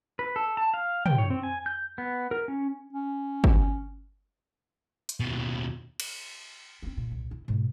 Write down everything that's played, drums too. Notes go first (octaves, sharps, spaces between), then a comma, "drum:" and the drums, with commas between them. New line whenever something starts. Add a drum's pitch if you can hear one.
B4
A4
A5
F5
G5, drum: tom
C#5
C4
G#5
G6
B3
A#4
C#4
C#4
drum: kick
drum: hi-hat
D#2 B2
drum: cymbal
A#3 C4
A#2
D#1 C2
E4
G#2 B2